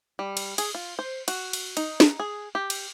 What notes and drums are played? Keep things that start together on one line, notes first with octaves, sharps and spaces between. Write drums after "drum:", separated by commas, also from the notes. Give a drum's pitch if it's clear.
G3
drum: cymbal
G#4, drum: cymbal
F4
C5
F#4, drum: cymbal
drum: cymbal
D#4, drum: cymbal
drum: snare
G#4
G4
drum: cymbal